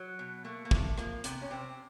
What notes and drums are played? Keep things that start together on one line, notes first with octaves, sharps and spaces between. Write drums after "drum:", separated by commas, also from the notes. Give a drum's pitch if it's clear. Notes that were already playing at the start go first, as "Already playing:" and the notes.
Already playing: F#3
B2
A3 A#3
A#3
C3 A3, drum: kick
F3 A#3, drum: rim click
C3 B3, drum: hi-hat
C#4
C3 C4